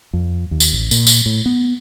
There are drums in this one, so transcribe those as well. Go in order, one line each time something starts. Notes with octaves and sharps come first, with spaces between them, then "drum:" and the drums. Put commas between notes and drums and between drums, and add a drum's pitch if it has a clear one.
F2
D#2
drum: tambourine
A1
A#2, drum: tambourine
drum: tambourine
A2
B3